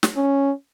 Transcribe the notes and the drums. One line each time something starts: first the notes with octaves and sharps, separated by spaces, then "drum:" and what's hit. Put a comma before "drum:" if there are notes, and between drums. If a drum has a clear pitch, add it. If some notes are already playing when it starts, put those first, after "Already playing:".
drum: snare
C#4